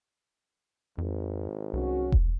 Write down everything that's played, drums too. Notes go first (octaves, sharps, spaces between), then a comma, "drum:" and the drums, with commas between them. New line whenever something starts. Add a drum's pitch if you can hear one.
G#1 F2
C2 C#4 F#4
drum: kick E1